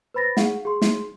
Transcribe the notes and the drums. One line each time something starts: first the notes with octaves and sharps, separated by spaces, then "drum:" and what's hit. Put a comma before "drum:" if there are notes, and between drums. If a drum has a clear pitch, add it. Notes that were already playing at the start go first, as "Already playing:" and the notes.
B4 C5 B5 A6 A#6
G#4 F5 F#5, drum: snare
G#4 C6
drum: snare